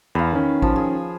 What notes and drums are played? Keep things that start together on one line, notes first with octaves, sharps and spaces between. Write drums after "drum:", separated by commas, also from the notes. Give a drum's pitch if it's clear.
E2 B4 F5
D#3 C#4
F3, drum: kick A1
G#4